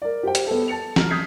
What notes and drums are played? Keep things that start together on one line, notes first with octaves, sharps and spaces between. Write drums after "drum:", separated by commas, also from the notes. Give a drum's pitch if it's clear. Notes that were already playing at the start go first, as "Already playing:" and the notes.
A#4 D5
G4 C5 G5
drum: hi-hat
B3 A4
A5 A6 C#7 F7
A#5 F6, drum: snare
D#6 G6 G#6 B6 C7